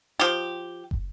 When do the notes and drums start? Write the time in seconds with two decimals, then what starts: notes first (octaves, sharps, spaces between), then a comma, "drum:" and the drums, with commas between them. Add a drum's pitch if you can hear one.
0.19 F3 G4
0.91 drum: kick